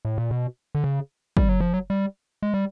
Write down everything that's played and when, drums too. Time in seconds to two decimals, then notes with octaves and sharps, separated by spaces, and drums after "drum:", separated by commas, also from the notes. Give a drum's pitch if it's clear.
0.05 A2
0.18 A#2
0.31 B2
0.75 D3
0.84 C#3
1.37 G3, drum: kick
1.49 F#3
1.60 F3
1.74 F#3
1.90 G3
2.43 G#3
2.54 G3